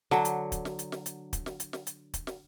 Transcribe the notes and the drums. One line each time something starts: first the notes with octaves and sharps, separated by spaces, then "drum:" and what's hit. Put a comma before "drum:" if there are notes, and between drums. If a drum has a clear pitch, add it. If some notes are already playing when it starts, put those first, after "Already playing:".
D3 F#3, drum: snare
drum: hi-hat
drum: kick, hi-hat
drum: snare
drum: hi-hat
drum: snare
drum: hi-hat
drum: kick, hi-hat
drum: snare
drum: hi-hat
drum: snare
drum: hi-hat
drum: kick, hi-hat
drum: snare